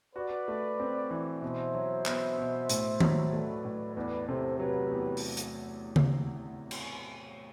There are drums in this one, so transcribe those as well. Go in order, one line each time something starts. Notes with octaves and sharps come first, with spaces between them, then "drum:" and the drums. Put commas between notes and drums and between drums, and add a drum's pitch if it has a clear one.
F#4 B4 D5
A3
C4
E3
B2 C5 E5
F#3
B3, drum: clap
B2
A2, drum: hi-hat
F#3, drum: tom D#3
A3 B4 D5
A2
E2 B4 D5
C3 A4 C5
F#3 G4 B4
E2
drum: open hi-hat
drum: hi-hat
drum: tom C#3
drum: cymbal